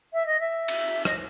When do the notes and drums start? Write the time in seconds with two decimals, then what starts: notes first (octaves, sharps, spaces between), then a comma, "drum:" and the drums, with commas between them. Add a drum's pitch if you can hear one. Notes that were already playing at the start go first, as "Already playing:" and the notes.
0.13 E5
0.26 D#5
0.40 E5
0.68 drum: cymbal
1.05 D#5, drum: rim click